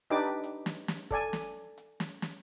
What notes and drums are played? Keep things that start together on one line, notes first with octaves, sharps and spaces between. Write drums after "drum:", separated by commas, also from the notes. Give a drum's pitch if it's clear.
D4 D#4 G4 B4 D5 D6
drum: hi-hat
drum: snare
drum: snare
A4 D5 G#5, drum: kick
drum: snare
drum: hi-hat
drum: snare
drum: snare